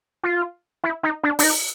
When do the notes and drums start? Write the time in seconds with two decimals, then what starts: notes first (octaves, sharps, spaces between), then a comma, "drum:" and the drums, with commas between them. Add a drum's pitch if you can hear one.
0.23 F4
0.84 E4
1.03 D#4
1.23 D4
1.39 D4, drum: open hi-hat
1.43 D#4